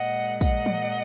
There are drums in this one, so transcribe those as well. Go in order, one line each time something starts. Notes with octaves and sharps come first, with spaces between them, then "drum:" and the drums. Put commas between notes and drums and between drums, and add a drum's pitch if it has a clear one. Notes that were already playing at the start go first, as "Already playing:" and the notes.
Already playing: A#2 G#3 D#5 F#5
D#5 F#5, drum: kick, tambourine
drum: tom E3